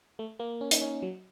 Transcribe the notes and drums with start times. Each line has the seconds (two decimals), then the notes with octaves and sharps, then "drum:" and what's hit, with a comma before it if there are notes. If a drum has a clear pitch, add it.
0.19 A3
0.40 A#3
0.61 C#4
0.71 D#4, drum: hi-hat
0.81 C#4
1.02 F#3